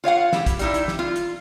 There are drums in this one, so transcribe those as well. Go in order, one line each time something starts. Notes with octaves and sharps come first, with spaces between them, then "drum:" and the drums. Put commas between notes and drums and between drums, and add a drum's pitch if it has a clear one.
F4 C#5 F5 F#5
E4 G4, drum: snare
drum: kick, hi-hat
G3 D#4 E4, drum: hi-hat
drum: hi-hat
drum: snare
F4
drum: hi-hat